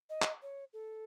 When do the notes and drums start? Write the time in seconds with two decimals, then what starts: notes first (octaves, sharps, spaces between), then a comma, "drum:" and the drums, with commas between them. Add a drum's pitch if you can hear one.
0.10 D#5
0.22 drum: clap
0.42 C#5
0.73 A4